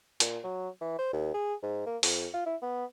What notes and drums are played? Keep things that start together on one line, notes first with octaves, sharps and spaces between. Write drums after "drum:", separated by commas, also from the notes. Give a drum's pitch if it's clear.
A#2, drum: hi-hat
F#3
E3
C5
D#2
G#4
G#2
A#3
F2, drum: open hi-hat
F4
E4
B3